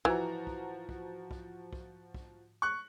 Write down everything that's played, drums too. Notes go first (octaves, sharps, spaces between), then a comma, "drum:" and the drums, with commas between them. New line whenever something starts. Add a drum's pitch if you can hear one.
E3 F3 F#4 A#5, drum: kick
drum: kick
drum: kick
drum: kick
drum: kick
drum: kick
C#6 F#6